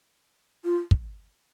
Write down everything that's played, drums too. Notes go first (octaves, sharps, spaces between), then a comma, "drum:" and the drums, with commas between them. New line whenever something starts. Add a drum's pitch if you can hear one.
F4
drum: kick